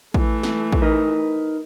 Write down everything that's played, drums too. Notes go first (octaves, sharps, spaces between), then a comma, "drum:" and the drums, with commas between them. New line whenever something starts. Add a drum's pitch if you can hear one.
E3 A3, drum: kick
drum: snare
drum: kick
D#4 A#4 B4